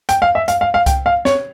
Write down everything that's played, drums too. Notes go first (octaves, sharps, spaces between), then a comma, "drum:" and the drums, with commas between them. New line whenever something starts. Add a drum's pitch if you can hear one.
G5, drum: hi-hat
F5
E5
F5, drum: hi-hat
F5
F5
G5, drum: kick C2, hi-hat
F5
C#5, drum: snare C4